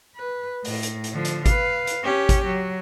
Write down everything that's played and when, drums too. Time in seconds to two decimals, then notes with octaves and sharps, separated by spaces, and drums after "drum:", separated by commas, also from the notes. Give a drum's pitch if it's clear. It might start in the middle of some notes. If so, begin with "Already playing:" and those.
0.16 B4
0.65 A2, drum: open hi-hat
0.83 drum: hi-hat
1.04 drum: hi-hat
1.14 D3 F3
1.25 drum: hi-hat
1.46 B4 F5, drum: kick G#1, hi-hat
1.87 drum: hi-hat
2.04 C#4 G4
2.29 drum: kick G#1, hi-hat
2.46 F#3